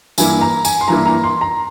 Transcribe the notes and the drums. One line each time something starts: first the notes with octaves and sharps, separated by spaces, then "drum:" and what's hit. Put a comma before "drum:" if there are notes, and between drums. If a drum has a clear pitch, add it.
G2 E3 A#3 E4 G#5, drum: tambourine
A#5
G#5, drum: tambourine
C6
G2 E3 A#3 E4 A#5
A#5
C6
A#5